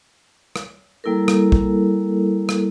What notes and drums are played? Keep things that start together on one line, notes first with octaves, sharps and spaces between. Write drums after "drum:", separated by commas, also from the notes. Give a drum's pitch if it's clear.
drum: rim click
G3 A#3 E4 A4 A#4
drum: rim click
drum: kick A#1
drum: rim click